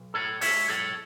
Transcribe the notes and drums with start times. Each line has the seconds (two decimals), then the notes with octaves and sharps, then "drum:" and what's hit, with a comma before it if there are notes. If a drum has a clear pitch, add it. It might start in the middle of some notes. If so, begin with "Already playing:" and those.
Already playing: B1
0.14 A2 A4 C#5
0.41 G#3 C#5 E5, drum: open hi-hat
0.68 B1 A4 C#5